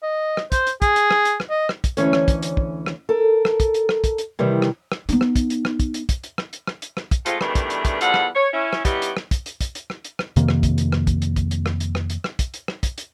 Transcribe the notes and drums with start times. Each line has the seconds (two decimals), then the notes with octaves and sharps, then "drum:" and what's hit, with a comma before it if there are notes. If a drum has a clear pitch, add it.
0.03 D#5
0.37 drum: rim click
0.52 C5, drum: kick, hi-hat
0.67 drum: hi-hat
0.82 G#4, drum: kick, hi-hat
0.96 drum: hi-hat
1.11 drum: rim click
1.25 drum: hi-hat
1.40 drum: rim click
1.50 D#5
1.69 drum: rim click
1.84 drum: kick, hi-hat
1.97 D2 E3 C#4 C#5, drum: hi-hat
2.13 drum: rim click
2.28 drum: kick, hi-hat
2.42 drum: hi-hat
2.57 drum: kick
2.86 drum: rim click
3.09 A4 A#4
3.45 drum: rim click
3.60 drum: kick, hi-hat
3.74 drum: hi-hat
3.89 drum: rim click
4.04 drum: kick, hi-hat
4.18 drum: hi-hat
4.39 C3 D#3 E3 G3
4.62 drum: rim click
4.92 drum: rim click
5.09 B3 D#4, drum: hi-hat
5.21 drum: rim click
5.36 drum: kick, hi-hat
5.50 drum: hi-hat
5.65 drum: rim click
5.80 drum: kick, hi-hat
5.94 drum: hi-hat
6.09 drum: kick, hi-hat
6.23 drum: hi-hat
6.38 drum: rim click
6.53 drum: hi-hat
6.67 drum: rim click
6.82 drum: hi-hat
6.97 drum: rim click
7.11 drum: kick, hi-hat
7.26 G#3 A3 C4 F4, drum: hi-hat
7.41 B2 D#3 E3 G3 A3 D4, drum: rim click
7.55 drum: kick, hi-hat
7.70 drum: hi-hat
7.85 drum: kick, hi-hat
8.01 E2 F3 G3 A4 F#5, drum: hi-hat
8.14 drum: rim click
8.36 C#5
8.53 C#4 E4
8.73 drum: rim click
8.85 G3 B3 C#4 D#4 E4 G4, drum: kick, hi-hat
9.02 drum: hi-hat
9.17 drum: rim click
9.31 drum: kick, hi-hat
9.46 drum: hi-hat
9.61 drum: kick, hi-hat
9.75 drum: hi-hat
9.90 drum: rim click
10.05 drum: hi-hat
10.19 drum: rim click
10.36 F2 C3 D#3 A#3, drum: hi-hat
10.48 drum: rim click
10.63 drum: kick, hi-hat
10.78 drum: hi-hat
10.92 drum: rim click
11.07 drum: kick, hi-hat
11.22 drum: hi-hat
11.36 drum: kick, hi-hat
11.51 drum: hi-hat
11.66 drum: rim click
11.80 drum: hi-hat
11.95 drum: rim click
12.10 drum: hi-hat
12.24 drum: rim click
12.39 drum: kick, hi-hat
12.54 drum: hi-hat
12.68 drum: rim click
12.83 drum: kick, hi-hat
12.98 drum: hi-hat